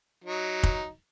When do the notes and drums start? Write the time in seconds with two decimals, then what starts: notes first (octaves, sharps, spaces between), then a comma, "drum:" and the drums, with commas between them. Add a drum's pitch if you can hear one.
0.24 F#3 D#4
0.63 drum: kick